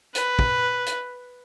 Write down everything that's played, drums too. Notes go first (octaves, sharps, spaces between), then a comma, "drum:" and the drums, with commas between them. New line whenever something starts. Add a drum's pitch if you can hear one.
B4, drum: hi-hat
drum: kick
drum: hi-hat